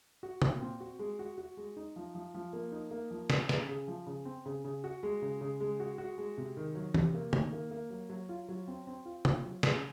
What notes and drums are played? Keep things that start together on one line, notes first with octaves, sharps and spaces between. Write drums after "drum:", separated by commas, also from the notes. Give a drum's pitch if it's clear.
F#4
A#2, drum: tom
C4
F#4
G#3
F#4
F#4
G#3
D#4
F3
F3
F3
A#3
D#4
A#3
F3
C4, drum: snare
C#3, drum: snare
C#3
F3
C#3
C4
C#3
C#3
F#4
G#3
C#3
C#3
G#3
F#4
F#4
G#3
C3
D#3
F#3
C3, drum: tom
A#3
D#3, drum: tom
A#3
A#3
F#3
F#3
F4
F#3
C4
C4
F4
F4, drum: tom
F#3
C#3, drum: snare